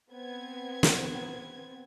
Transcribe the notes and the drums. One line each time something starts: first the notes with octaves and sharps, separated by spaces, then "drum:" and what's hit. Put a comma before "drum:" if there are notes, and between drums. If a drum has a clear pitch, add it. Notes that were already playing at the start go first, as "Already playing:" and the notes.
B3 C4 G#6
drum: snare